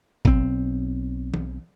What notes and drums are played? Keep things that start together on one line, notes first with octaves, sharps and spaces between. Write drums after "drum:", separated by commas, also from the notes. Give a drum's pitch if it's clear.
B1 C4, drum: kick
drum: tom